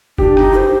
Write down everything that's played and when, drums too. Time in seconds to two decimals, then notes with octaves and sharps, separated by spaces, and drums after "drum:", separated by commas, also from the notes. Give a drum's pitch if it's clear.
0.18 D4 G4, drum: kick
0.37 D#4, drum: rim click
0.56 C5